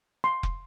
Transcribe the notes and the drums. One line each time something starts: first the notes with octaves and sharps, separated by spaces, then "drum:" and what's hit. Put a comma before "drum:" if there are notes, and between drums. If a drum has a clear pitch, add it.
C6
drum: kick F1